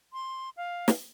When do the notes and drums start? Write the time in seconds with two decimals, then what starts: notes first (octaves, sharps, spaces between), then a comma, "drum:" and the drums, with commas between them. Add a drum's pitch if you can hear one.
0.13 C6
0.57 F5
0.88 drum: snare